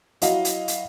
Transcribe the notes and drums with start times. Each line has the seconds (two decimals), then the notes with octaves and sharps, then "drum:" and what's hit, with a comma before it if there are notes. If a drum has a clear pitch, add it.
0.22 F#3 E4 F#4 D#5 F5, drum: hi-hat
0.45 drum: hi-hat
0.68 drum: hi-hat